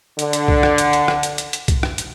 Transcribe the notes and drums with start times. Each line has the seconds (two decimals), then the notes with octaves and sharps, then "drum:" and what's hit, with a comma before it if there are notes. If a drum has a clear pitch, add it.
0.19 D3, drum: hi-hat
0.33 drum: hi-hat
0.48 drum: kick C2
0.63 drum: rim click
0.78 drum: hi-hat
0.93 drum: hi-hat
1.08 drum: rim click
1.23 drum: hi-hat
1.38 drum: hi-hat
1.53 drum: hi-hat
1.68 drum: kick C2, hi-hat
1.83 drum: rim click
1.98 drum: hi-hat